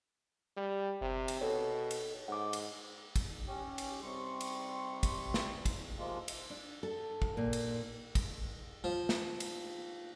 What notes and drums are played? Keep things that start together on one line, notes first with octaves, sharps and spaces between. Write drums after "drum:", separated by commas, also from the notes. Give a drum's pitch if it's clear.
G3
G1 C3
drum: cymbal
B2 A4 C#5
drum: cymbal
G#2 F#5 D6
drum: cymbal
drum: kick, cymbal
C#4 G4
drum: cymbal
C3 G3 C6 C#6
drum: cymbal
drum: kick, cymbal
drum: snare
drum: kick, cymbal
C3 F3 G#3 A#3 F4
drum: cymbal
D4
A4
drum: kick
A#2
drum: cymbal
drum: kick, cymbal
F3
drum: snare
drum: cymbal